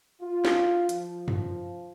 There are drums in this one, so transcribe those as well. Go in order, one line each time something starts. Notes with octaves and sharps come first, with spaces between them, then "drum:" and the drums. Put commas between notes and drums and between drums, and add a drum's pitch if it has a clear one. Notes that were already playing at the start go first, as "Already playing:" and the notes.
F4
drum: snare
F3, drum: hi-hat
drum: tom F#2